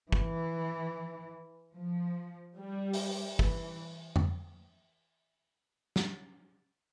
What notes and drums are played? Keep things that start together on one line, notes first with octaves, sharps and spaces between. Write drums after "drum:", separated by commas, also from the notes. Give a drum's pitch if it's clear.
E3, drum: kick
F3
G3
drum: open hi-hat
E3, drum: kick
drum: tom F2
drum: snare